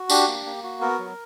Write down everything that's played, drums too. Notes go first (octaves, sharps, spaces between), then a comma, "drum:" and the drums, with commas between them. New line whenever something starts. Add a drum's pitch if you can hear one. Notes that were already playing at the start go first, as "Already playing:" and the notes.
Already playing: F#4
D4 G4, drum: tambourine
A#3
A#3
F#4
B3 A#4
F#3